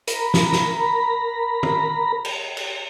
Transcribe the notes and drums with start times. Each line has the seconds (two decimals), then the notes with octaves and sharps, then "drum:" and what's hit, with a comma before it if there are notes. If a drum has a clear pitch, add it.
0.08 A#4 A#5 B5, drum: hi-hat
0.34 drum: snare
0.53 drum: snare
1.63 drum: tom
2.25 drum: cymbal
2.57 drum: cymbal